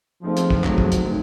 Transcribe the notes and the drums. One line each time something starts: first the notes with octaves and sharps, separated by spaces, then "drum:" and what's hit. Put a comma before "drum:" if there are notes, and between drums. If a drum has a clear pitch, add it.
F3 A3 C4 D#4 G#4
drum: hi-hat
drum: kick
F#3 A3 C4 D#4 G#4, drum: clap
drum: kick
drum: hi-hat
A3 C4 D#4